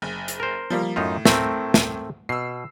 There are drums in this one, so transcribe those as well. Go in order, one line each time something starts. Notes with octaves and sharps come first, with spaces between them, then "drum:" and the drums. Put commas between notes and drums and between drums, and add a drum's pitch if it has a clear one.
F#1
drum: hi-hat
A#4 C5
F3 G3 A#3
F#2 A2 D#4 F4
A3 C4 A#4, drum: snare
drum: snare
B2 E6 C7